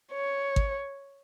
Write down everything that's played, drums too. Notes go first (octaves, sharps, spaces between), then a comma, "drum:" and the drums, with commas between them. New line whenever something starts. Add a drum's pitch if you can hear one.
C#5
drum: kick G#1